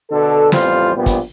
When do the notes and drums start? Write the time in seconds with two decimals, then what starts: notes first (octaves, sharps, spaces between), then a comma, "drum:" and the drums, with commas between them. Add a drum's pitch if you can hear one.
0.10 B2 D3 A4
0.52 A1 F2 G3 F4 C5, drum: snare
0.96 A#1 A#2 G3 B3 G4
1.06 drum: kick, hi-hat